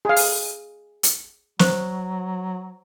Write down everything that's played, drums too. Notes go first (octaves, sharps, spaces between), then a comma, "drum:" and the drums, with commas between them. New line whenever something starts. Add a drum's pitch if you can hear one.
G#4 F5
drum: open hi-hat
drum: hi-hat
F#3 C5 C#6, drum: snare